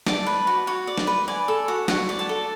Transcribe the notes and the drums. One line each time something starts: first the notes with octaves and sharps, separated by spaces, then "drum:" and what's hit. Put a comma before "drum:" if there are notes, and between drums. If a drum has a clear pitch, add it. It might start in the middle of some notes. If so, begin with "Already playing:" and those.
D5 A5, drum: snare
B4
F#4
F#4
D5
drum: snare
B4
D5 G#5
A4
F#4
F#4 F#5, drum: snare
D5
A5
A4